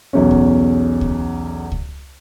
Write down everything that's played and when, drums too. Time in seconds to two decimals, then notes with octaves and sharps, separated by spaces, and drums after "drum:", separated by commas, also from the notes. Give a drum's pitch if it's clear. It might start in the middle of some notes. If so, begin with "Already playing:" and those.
0.13 B1 E2 C#4
0.31 drum: kick C#2
1.01 drum: kick C#2
1.72 drum: kick C#2